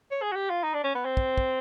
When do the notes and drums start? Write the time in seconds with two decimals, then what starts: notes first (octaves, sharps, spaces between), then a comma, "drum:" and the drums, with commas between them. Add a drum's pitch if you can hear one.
0.11 C#5
0.22 G#4
0.32 F#4
0.35 G4
0.50 F4
0.64 D#4
0.74 D4
0.84 C#4
0.95 B3
1.05 C4
1.17 drum: kick
1.38 drum: kick